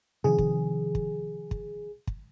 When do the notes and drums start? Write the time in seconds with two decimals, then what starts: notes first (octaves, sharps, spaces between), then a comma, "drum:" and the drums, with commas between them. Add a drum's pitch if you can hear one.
0.24 C3 D#3 F3 G#4
0.38 drum: kick
0.95 drum: kick
1.51 drum: kick
2.07 drum: kick